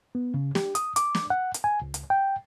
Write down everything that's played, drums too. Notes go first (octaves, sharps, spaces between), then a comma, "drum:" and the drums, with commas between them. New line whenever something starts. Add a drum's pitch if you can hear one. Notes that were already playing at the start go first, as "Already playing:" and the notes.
B3
C#3
G4, drum: snare
D#6, drum: hi-hat
D6, drum: hi-hat
drum: snare
F#5
drum: hi-hat
G#5
C#2
drum: hi-hat
G5